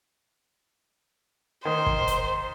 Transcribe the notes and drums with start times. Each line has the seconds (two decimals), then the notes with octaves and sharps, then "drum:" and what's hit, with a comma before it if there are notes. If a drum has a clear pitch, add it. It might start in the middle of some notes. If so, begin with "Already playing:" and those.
1.65 D#3 C5
1.86 drum: kick
2.08 drum: hi-hat